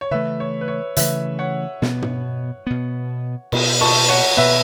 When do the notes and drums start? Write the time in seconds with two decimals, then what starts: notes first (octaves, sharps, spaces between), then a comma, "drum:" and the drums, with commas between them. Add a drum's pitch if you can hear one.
0.01 C#5
0.11 C#3 E3 A3 B4 E5
0.40 C#5
0.61 B4
0.68 C#5
0.96 C#3 E3 A3 B4 E5, drum: hi-hat
1.39 C#5 F#5
1.82 B2 B3, drum: snare
2.02 drum: tom
2.67 B2 B3
3.52 B2 B3, drum: cymbal
3.81 A5 C#6, drum: cymbal
4.08 C#5 F#5
4.37 B2 B3 B4 E5